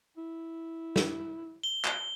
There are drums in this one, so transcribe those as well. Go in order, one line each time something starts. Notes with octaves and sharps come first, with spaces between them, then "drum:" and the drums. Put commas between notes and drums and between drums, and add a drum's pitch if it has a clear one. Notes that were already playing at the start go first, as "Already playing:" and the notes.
E4
drum: snare
G7
drum: clap